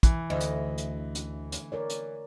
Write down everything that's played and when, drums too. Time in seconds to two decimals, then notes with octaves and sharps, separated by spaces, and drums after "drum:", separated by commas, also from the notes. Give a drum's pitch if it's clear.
0.03 E3, drum: kick, hi-hat
0.30 D2 D#5
0.40 drum: hi-hat
0.78 drum: hi-hat
1.15 drum: hi-hat
1.52 drum: hi-hat
1.72 A#4 C#5 D5
1.90 drum: hi-hat